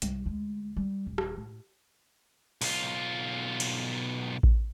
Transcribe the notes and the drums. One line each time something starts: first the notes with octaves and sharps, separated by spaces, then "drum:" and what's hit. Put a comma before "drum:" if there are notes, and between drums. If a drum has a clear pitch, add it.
C2 C3, drum: hi-hat
D2 G#3
G3
D#1
drum: rim click
A2
B1 F4, drum: open hi-hat
drum: cymbal
drum: kick A1